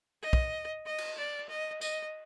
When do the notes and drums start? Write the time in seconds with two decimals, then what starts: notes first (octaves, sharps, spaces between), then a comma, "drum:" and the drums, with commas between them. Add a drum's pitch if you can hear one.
0.22 D#5
0.33 drum: kick
0.86 D#5
0.98 drum: cymbal
1.18 D5
1.49 D#5
1.81 D#5, drum: tambourine